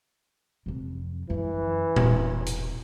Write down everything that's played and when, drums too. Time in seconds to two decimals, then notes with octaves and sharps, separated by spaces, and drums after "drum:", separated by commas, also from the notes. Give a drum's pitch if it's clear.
0.66 F2 C3
1.30 F#2 D3 E3
1.96 E1, drum: tom A#2
2.46 drum: hi-hat